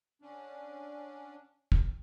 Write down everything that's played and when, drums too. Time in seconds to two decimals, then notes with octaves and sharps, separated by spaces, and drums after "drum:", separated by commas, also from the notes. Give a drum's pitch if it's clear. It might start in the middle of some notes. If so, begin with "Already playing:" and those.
0.22 D3 C#4 D4
1.72 drum: kick